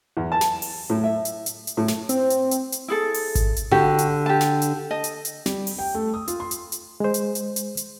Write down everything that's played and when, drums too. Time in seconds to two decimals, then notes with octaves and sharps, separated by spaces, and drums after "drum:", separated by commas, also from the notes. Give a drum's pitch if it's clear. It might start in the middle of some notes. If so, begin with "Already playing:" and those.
0.17 E2
0.32 A5
0.41 drum: snare
0.62 drum: open hi-hat
0.90 A2
1.04 E5
1.25 drum: hi-hat
1.46 drum: hi-hat
1.67 drum: hi-hat
1.77 A2
1.88 drum: snare
2.09 C4, drum: hi-hat
2.30 drum: hi-hat
2.51 drum: hi-hat
2.72 drum: hi-hat
2.88 E4 G#4 A4
3.14 drum: open hi-hat
3.35 drum: kick G#1, hi-hat
3.56 drum: hi-hat
3.71 D3 F#4 G4 F#5
3.98 drum: hi-hat
4.26 G4 A5
4.41 drum: snare
4.62 drum: hi-hat
4.91 D#5 A5
5.04 drum: hi-hat
5.25 drum: hi-hat
5.46 G3, drum: snare
5.67 drum: open hi-hat
5.78 G5
5.95 A3
6.14 D#6
6.28 F4, drum: hi-hat
6.40 C6
6.51 drum: hi-hat
6.72 drum: hi-hat
7.00 G#3 C5
7.14 drum: hi-hat
7.35 drum: hi-hat
7.56 drum: hi-hat
7.77 drum: hi-hat